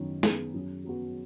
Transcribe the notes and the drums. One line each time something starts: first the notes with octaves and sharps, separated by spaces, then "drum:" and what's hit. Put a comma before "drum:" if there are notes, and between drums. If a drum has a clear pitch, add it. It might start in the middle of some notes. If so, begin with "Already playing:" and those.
Already playing: F#2 D#3 B3
D#3 B3 G#4, drum: snare
F#2
F#3 B3 F#4